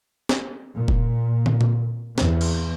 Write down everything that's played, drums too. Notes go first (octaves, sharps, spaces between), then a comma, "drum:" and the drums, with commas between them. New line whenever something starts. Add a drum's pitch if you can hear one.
drum: snare
A#2
drum: kick
drum: tom
drum: tom A#2
E2, drum: snare
drum: cymbal